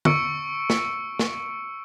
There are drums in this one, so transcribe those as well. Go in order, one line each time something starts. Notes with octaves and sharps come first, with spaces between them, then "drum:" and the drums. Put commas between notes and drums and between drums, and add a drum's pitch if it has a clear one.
C#6 E6 C#7 D7, drum: tom
drum: snare
drum: snare